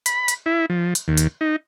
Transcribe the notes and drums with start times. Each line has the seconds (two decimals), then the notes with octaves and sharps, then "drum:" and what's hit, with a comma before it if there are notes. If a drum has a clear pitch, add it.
0.06 B5, drum: hi-hat
0.28 drum: hi-hat
0.46 E4
0.70 F3
0.95 drum: hi-hat
1.08 D#2
1.17 drum: hi-hat
1.41 D#4